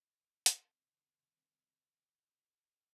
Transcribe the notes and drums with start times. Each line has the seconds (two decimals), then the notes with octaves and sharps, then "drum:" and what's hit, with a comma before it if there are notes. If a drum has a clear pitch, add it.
0.46 C3 D#3 G3 C4, drum: hi-hat